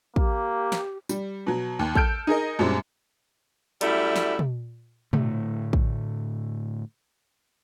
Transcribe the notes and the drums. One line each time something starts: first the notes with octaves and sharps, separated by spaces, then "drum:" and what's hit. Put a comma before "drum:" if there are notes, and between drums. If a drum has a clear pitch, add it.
A#3 G4, drum: kick
drum: snare
G3, drum: tambourine
B2 F#3
D#2
A4 F6 G6 D7, drum: kick
D#4 G#4 A#4 D#5
F#2 A#2 G3 G#3 C4 D4
F#2 G3 A3 E4, drum: hi-hat
drum: snare
drum: tom
A2 D3 A3, drum: tom
drum: kick